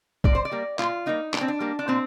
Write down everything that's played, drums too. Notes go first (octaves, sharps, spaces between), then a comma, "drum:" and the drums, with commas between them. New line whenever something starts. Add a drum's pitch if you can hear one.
A#2 D5, drum: kick
C5
D5
G3 A#3
A#2 F4, drum: clap
G3 A#3 D#4
A#2 D4, drum: clap
C4
D4
G3 A#3
D4
A#2 C4